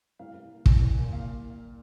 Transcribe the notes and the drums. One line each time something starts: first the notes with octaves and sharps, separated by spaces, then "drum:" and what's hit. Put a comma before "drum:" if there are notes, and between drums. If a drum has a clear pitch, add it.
C2 F5
C2
A#2
C2 G#5, drum: kick
C2
A#2
A#2 F5